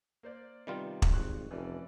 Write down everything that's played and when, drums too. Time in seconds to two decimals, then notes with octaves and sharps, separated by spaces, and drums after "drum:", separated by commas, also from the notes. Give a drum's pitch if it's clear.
0.23 A#3 C5 D5
0.67 C3 D#3 G3 B3 F4
1.02 drum: kick
1.12 G#1 C6 C#6 F#6
1.51 F1 E3 C#4 D5